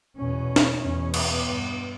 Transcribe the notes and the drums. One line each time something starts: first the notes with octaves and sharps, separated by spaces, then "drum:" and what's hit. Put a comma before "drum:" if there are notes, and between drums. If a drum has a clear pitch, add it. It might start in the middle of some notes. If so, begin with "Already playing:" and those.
E2 B2 C#4
drum: snare
E2 B2 C#4
B3, drum: cymbal
G2